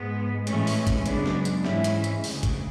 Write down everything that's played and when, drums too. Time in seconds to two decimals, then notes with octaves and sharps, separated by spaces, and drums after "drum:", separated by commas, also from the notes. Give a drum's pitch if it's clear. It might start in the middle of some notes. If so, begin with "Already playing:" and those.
Already playing: G#2 G#3 B3
0.47 A2 E3 G#3 A3 C#4, drum: hi-hat
0.67 drum: open hi-hat
0.87 drum: kick, hi-hat
1.06 F#2 C#3 G#3 B3 D4, drum: hi-hat
1.26 drum: snare
1.45 drum: hi-hat
1.64 G#2 E3 G#3 C#4 E4, drum: snare
1.84 drum: hi-hat
2.04 drum: hi-hat
2.24 D2 C#3 G#3, drum: open hi-hat
2.43 drum: kick, hi-hat